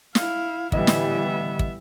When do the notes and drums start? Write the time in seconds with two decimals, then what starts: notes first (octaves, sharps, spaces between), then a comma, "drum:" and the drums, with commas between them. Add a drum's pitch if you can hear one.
0.15 E4 F5, drum: snare
0.72 A2 D3 E3 G3 B3 D#5 E5, drum: kick
0.87 drum: snare
1.59 drum: kick